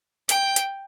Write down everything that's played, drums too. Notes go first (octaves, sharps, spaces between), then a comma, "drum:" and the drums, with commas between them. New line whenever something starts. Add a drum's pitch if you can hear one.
G5, drum: hi-hat
drum: hi-hat